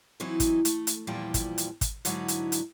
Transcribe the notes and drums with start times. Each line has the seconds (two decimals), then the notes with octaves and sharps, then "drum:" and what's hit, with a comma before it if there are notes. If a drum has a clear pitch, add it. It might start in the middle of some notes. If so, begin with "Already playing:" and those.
0.20 E3 F#3 C4 D#4 E4
0.40 drum: kick, hi-hat
0.65 A3, drum: hi-hat
0.87 drum: hi-hat
1.07 E2 A#2 F3 G3 E4 G5
1.34 drum: kick, hi-hat
1.58 drum: hi-hat
1.81 drum: kick, hi-hat
2.05 G#2 D3 F#3 D#4 E4, drum: hi-hat
2.28 drum: hi-hat
2.52 drum: hi-hat